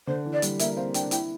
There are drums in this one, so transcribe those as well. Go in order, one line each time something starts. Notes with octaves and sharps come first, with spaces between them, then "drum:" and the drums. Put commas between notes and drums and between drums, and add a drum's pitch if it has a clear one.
D3 C5
E3
D5
G3, drum: hi-hat
A#3 E5, drum: hi-hat
C4 F5
D4 G5, drum: hi-hat
E4 G5, drum: hi-hat